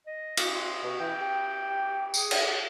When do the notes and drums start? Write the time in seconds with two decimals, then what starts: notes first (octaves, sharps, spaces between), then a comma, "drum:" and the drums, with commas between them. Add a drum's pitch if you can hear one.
0.06 D#5
0.37 drum: cymbal
0.54 C6
0.83 B2 F#4
0.99 E3 G5
1.21 G4
2.14 G#4, drum: tambourine
2.31 drum: cymbal